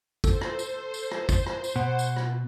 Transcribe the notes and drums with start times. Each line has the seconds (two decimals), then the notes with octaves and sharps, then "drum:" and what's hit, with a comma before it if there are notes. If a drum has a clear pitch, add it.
0.24 A4 C5, drum: kick, tambourine
0.41 drum: rim click
0.59 drum: tambourine
0.94 drum: tambourine
1.11 drum: rim click
1.29 drum: kick, tambourine
1.46 drum: rim click
1.64 drum: tambourine
1.76 B2 F#5
1.99 drum: tambourine
2.16 drum: rim click